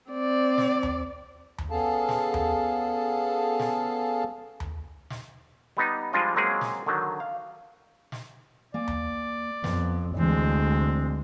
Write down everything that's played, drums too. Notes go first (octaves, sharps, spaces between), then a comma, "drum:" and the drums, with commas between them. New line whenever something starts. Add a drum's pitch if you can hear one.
C4 D5
drum: snare
drum: tom D#2
drum: tom D#2
B3 C#4 G#4 A4 F5 A5
drum: snare
drum: tom D#2
drum: snare
drum: tom D#2
drum: snare
G3 B3 D#4
F3 G3 G#3 D4 F4 D#5
F#3 G#3 A#3 C4 C#4 G#4
drum: snare
D3 D#3 F#3
F5
drum: snare
A#3 D5 G#5
drum: tom D#2
F2 B3, drum: snare
D2 C3 E3 G#3 C4